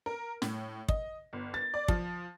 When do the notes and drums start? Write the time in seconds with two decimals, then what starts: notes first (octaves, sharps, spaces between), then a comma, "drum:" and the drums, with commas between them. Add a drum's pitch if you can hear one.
0.06 A#4
0.42 A2, drum: snare
0.88 D#5, drum: kick
1.33 G1
1.54 A6
1.74 D5
1.88 F3, drum: kick